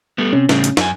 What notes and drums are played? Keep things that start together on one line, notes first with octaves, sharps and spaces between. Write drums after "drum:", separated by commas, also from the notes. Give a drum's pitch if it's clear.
G3 A3 B3
C3 C#4
A2 C#3 G3, drum: snare
drum: hi-hat
F#2 G#5, drum: snare